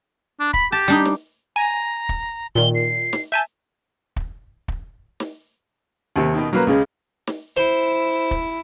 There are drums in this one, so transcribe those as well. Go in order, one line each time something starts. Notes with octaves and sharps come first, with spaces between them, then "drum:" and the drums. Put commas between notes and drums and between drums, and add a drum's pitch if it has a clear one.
D4
B5, drum: kick
G4 A5
G3 D4 D#4
drum: snare
G#5 A#5
drum: kick
A#2 D#3 G7
C7
drum: snare
E5 G#5 A5 G6
drum: kick
drum: kick
drum: snare
D#2 C3
B2 D#3
F#3 A#3 B4
C#2 C#3 G#3
drum: snare
E4 C5
drum: kick